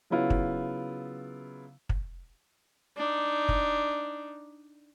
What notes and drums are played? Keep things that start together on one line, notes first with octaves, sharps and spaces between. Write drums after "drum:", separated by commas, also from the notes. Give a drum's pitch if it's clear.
C#3 F#3 B3 E4 F4
drum: kick
drum: kick
D4 D#4
drum: kick